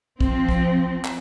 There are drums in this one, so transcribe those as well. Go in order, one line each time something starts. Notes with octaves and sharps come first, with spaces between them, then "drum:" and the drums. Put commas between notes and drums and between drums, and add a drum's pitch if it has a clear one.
F3 C4, drum: kick
drum: kick
drum: clap